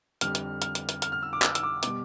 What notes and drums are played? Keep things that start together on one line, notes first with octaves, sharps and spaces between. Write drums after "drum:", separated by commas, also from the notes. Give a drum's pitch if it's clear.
F2 D3 G3 F6, drum: hi-hat
drum: hi-hat
F6, drum: hi-hat
drum: hi-hat
drum: hi-hat
F6, drum: hi-hat
F6
E6
D6
E6, drum: clap
E6, drum: hi-hat
D6
B2 G3 D6, drum: hi-hat